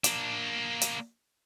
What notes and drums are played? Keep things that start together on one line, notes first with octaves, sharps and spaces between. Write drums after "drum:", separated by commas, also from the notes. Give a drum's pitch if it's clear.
A#3 D4, drum: hi-hat
drum: hi-hat